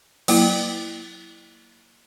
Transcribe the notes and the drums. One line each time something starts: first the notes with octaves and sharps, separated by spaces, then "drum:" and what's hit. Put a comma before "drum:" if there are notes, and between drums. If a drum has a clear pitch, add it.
F#3 A#3 E4, drum: cymbal